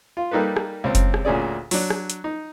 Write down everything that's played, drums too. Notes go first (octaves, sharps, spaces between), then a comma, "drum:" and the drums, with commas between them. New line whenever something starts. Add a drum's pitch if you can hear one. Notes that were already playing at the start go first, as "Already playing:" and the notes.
F4
G3 A#3 D#4 A4 B4
drum: rim click
C#2 C4
drum: kick F#1, hi-hat
drum: rim click
D2 A#2 C#4 G#4 D5
F#3 D4, drum: open hi-hat
drum: rim click
drum: hi-hat
D#4